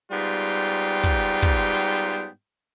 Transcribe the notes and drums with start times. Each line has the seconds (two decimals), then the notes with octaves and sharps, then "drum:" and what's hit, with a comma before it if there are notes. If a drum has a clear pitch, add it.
0.12 G#2 G3 B3 F4 G5
1.04 drum: kick
1.42 drum: kick